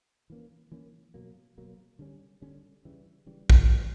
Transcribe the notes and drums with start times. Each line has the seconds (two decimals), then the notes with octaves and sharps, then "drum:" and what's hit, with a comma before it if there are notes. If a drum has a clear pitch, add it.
0.30 E3 A#3 C#4
0.72 E3 A#3 C#4
1.14 B2 F#3 A#3
1.58 B2 F#3 A#3
1.99 D3 G3 C#4
2.42 D3 G3 C#4
2.85 C#3 E3 G3
3.26 C#3 E3 G3
3.50 drum: kick A#1
3.69 C#3 E3 G3